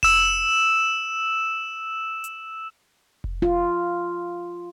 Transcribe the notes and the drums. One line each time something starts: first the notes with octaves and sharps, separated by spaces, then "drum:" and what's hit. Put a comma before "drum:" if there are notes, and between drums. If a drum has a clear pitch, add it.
E6 E7, drum: kick F1
drum: hi-hat
drum: kick F1
F4